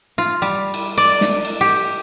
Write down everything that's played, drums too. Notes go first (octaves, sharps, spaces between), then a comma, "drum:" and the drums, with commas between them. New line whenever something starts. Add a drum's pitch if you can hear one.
F4
G3
drum: cymbal
D5, drum: cymbal
drum: snare
drum: cymbal
G4